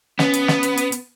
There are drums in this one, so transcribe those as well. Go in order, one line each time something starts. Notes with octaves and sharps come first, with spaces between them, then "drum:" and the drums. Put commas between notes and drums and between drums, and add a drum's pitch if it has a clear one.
B3 C#4, drum: snare
drum: hi-hat
drum: snare
drum: hi-hat
drum: hi-hat
drum: hi-hat